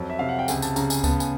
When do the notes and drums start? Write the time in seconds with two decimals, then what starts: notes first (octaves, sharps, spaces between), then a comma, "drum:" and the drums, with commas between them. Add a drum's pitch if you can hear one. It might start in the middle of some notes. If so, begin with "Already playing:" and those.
Already playing: F2 F#3
0.10 E5
0.19 C3 F5
0.29 F#5
0.39 G5
0.48 C#2 G#5, drum: tambourine
0.62 A5, drum: tambourine
0.76 C#3 A#5, drum: tambourine
0.90 G#5, drum: tambourine
1.04 B3 A5, drum: kick D2, tambourine
1.20 G#5, drum: tambourine